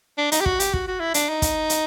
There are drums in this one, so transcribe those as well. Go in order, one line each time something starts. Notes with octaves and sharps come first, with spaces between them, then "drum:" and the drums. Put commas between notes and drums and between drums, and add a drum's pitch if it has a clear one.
D4
D#4, drum: hi-hat
G4
F#4, drum: kick
G4, drum: hi-hat
F#4, drum: kick
F#4
E4
D4, drum: hi-hat
D#4
drum: kick, hi-hat
drum: hi-hat